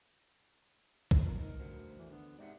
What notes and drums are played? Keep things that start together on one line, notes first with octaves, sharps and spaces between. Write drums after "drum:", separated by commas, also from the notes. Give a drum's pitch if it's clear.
drum: kick
A3 F4 A#4
D#4 A#4
D2 G2 F#4 C5
D3 E3
D3 B3
G#2 C3 D5 E5 F#5